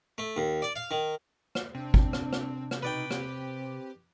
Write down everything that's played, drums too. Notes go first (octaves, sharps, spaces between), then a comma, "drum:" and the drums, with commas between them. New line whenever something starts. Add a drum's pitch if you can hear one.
A3
D#2
D5
F5
D#3
drum: rim click
C3 C4 D4
drum: kick G1
drum: rim click
drum: rim click
drum: rim click
B2 D#4 B4 D5 G5
C4 G4, drum: rim click